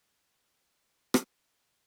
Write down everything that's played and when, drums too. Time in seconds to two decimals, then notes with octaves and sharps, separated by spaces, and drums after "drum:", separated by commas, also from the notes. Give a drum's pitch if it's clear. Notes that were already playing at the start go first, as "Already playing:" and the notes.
Already playing: A#3 F5
0.19 G#2
0.51 A#3
0.83 G#2
1.14 drum: rim click